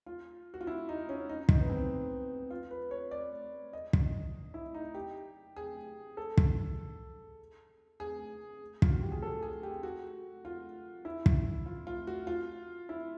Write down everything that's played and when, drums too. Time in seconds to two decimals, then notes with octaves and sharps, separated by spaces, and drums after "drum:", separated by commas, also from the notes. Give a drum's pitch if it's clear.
0.06 F4
0.54 F#4
0.61 F4
0.67 E4
0.89 D#4
1.09 C#4
1.29 D#4
1.49 D#4, drum: kick
1.60 B3
1.70 C4
2.51 F4
2.71 B4
2.91 C#5
3.11 D5
3.73 D#5
3.93 drum: kick
4.54 E4
4.75 D#4
4.94 G4
5.56 G#4
6.17 A4
6.37 drum: kick
8.00 G#4
8.82 F4, drum: kick
8.93 F#4
9.02 G4
9.12 G#4
9.22 A4
9.43 G#4
9.63 G4
9.83 F#4
10.45 F4
11.05 E4
11.26 drum: kick
11.66 F4
11.87 F4
12.07 F#4
12.27 F4
12.89 E4